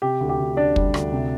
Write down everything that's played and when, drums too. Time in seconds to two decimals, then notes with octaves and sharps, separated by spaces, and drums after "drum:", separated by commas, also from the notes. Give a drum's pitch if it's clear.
0.02 C3 G4
0.21 D2
0.29 G4
0.39 D2
0.57 D2 D4 D5
0.76 G3, drum: kick
0.94 D2, drum: rim click
1.12 C3